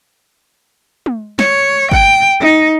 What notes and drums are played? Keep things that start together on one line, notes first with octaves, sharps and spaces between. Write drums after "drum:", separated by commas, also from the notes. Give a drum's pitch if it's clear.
drum: tom
C#5, drum: snare
G5, drum: kick G1
D#4